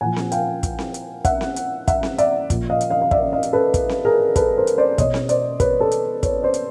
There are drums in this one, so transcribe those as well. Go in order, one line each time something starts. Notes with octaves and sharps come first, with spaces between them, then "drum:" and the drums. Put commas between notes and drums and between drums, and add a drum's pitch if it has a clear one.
A#2 F3 F#5 G#5
drum: snare C4
F5 G5, drum: hi-hat
drum: kick, hi-hat
drum: snare C4
drum: hi-hat
E5 F#5, drum: kick, hi-hat
drum: snare C4
drum: hi-hat
E5 F#5, drum: kick, hi-hat
drum: snare C4
D5 E5, drum: hi-hat
A#2 F3, drum: kick, hi-hat
D#5 F5
drum: hi-hat
D#5 F5
F5
D5 E5, drum: kick
D#5 F5
drum: hi-hat
A4 B4
drum: kick, hi-hat
drum: snare C4
G#4 A#4
A4 B4, drum: kick, hi-hat
A#4 C5
drum: hi-hat
C5 D5
B2 C#5 D#5, drum: kick, hi-hat
drum: snare C4
C5 D5, drum: hi-hat
B4 C#5, drum: kick, hi-hat
A4 B4
drum: hi-hat
B4 C#5, drum: kick, hi-hat
C5 D5
drum: hi-hat